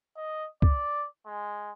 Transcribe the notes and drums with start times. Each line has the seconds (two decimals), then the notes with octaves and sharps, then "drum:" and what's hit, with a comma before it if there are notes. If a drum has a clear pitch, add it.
0.17 D#5
0.62 D5, drum: kick
1.26 G#3